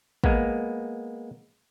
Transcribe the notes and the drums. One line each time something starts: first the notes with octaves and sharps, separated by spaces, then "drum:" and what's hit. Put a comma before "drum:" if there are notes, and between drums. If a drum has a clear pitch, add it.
G#3 A#3 B3, drum: kick